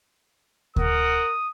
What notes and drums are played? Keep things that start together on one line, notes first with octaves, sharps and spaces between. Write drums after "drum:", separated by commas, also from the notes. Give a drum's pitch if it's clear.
A#4 F#5 D#6, drum: kick D2